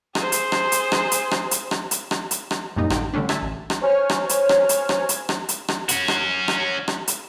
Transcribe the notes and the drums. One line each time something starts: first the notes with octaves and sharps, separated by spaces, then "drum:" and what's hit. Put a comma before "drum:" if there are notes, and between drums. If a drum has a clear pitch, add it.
G#4 C5, drum: rim click
drum: hi-hat
drum: rim click
drum: hi-hat
drum: rim click
drum: hi-hat
drum: rim click
drum: hi-hat
drum: rim click
drum: hi-hat
drum: rim click
drum: hi-hat
drum: rim click
F#2 A#2 G3 D#4
A1 D3 G5, drum: rim click
D3 G3 A3 C#4 D4
E5 G#5 A5, drum: rim click
A1
drum: rim click
C5 C#5 G#5 F6
drum: rim click
drum: hi-hat
drum: rim click
drum: hi-hat
drum: rim click
drum: hi-hat
drum: rim click
drum: hi-hat
drum: rim click
C#4 F#4, drum: hi-hat
drum: rim click
drum: rim click
drum: rim click
drum: hi-hat